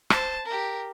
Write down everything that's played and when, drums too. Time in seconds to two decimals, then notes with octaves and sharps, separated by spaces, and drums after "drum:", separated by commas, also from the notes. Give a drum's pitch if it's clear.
0.10 C5 A5, drum: rim click
0.46 G4 A#4